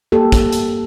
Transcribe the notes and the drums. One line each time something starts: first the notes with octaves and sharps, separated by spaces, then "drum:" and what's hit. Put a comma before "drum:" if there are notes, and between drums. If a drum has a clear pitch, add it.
A#3 G4 A4
drum: kick, hi-hat
drum: hi-hat